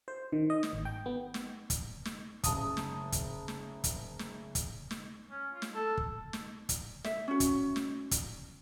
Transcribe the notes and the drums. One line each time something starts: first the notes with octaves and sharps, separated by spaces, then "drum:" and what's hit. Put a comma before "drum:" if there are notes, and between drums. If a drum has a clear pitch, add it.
C5
D#3
D#5
drum: snare
G#1
G5
B3
drum: snare
drum: kick, hi-hat
drum: snare
F#1 A5 D#6, drum: kick, hi-hat
drum: snare
drum: kick, hi-hat
drum: snare
drum: kick, hi-hat
drum: snare
drum: kick, hi-hat
drum: snare
C#4
F4
drum: snare
A4
drum: kick
drum: snare
drum: kick, hi-hat
E5, drum: snare
C#4 F#4
drum: kick, hi-hat
drum: snare
drum: kick, hi-hat